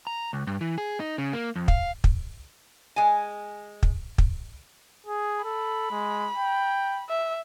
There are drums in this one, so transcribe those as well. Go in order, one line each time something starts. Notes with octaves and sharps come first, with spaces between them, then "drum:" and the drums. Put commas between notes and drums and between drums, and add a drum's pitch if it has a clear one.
A#5
C#2
G2
E3
G#4
D#4
C#3
A#3
F2
F5, drum: kick
drum: kick
G#3 G#5
drum: kick
drum: kick
G#4
A4 B5
G#3
G5
E5